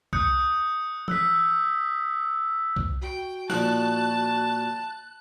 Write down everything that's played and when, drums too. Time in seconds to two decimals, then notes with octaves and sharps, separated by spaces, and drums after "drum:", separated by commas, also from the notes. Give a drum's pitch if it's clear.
0.13 D#6 F#6 G6 C#7, drum: kick C2
1.08 E6 F#6 B6, drum: tom E3
2.76 drum: kick C2
3.01 F#4 G5
3.50 A#2 F3 D#4 A5 F#6, drum: snare